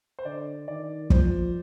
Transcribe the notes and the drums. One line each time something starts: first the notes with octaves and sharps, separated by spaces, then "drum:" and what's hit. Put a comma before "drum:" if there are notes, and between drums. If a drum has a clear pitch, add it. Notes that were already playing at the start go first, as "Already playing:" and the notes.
C5
D3 D5
D#3 D5
F3 C5, drum: kick